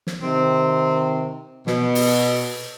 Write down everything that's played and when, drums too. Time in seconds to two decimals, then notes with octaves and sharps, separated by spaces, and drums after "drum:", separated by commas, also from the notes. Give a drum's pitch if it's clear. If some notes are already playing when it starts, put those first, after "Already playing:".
0.07 drum: snare
0.21 C3 D#3 C4
1.67 B2, drum: snare
1.95 drum: open hi-hat